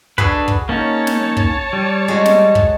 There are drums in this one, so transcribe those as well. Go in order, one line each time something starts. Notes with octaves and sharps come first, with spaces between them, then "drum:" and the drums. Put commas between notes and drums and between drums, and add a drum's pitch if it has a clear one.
D4 F#4 G#4 A4 B4, drum: kick
drum: kick
A#3 C#4 D#4 C#5 A5
drum: snare
drum: kick
G3
G#3 F#4
drum: snare
drum: kick